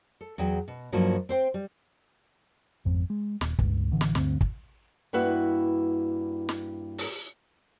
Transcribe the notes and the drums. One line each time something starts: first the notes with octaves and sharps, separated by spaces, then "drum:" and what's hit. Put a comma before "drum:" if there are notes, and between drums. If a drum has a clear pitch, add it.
A4
E2 F#3 G#4 G5
B2
G2 F3 F#3 A#3 D#4
C4 C5 G5
G3
G#1 F2
G#3
D#1, drum: snare
C#2 G2, drum: kick
A1 D3 E3
drum: snare
D2 G2 C4, drum: snare
drum: kick
G2 A#3 E4 F#4 B4 E5
drum: snare
drum: open hi-hat